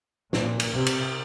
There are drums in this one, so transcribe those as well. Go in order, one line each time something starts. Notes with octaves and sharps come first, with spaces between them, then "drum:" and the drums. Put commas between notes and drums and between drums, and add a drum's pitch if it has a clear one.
A#2, drum: snare
drum: cymbal
C3
drum: cymbal